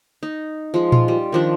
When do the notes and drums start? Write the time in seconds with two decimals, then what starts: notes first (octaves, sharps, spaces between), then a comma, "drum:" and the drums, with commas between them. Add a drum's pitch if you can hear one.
0.23 D#4
0.74 F3 G#3
0.92 F4, drum: tom A#2
1.08 G3
1.32 D#3 F3 D4